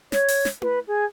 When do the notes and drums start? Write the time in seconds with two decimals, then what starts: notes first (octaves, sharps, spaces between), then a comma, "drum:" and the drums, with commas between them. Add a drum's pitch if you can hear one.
0.12 C#5, drum: snare
0.28 drum: open hi-hat
0.45 drum: snare
0.62 B4, drum: tom E4
0.87 G#4